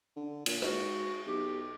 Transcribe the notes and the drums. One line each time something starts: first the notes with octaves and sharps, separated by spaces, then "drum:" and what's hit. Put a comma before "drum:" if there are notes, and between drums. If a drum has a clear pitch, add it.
D3
A#2, drum: cymbal
G#2 F#4, drum: rim click
B1 G4